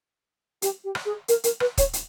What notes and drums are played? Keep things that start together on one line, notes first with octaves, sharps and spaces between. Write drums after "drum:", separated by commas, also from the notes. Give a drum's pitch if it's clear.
G4, drum: hi-hat
G4
drum: rim click
G#4
A#4, drum: hi-hat
A#4, drum: hi-hat
B4, drum: rim click
C#5, drum: kick, hi-hat
drum: hi-hat